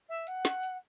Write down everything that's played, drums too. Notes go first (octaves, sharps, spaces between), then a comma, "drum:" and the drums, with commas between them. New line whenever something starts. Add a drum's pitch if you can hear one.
E5
F#5, drum: tambourine
drum: snare
drum: tambourine